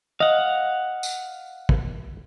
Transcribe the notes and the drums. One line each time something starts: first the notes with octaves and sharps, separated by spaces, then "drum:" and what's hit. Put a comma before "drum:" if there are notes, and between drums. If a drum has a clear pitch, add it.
D#5 F5 F#5
drum: tambourine
drum: kick